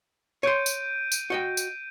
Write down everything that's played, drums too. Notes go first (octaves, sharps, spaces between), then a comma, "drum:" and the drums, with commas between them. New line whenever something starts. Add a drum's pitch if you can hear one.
C#5 C6 G6 D7 D#7
drum: tambourine
drum: tambourine
F#4 D#5 G5
drum: tambourine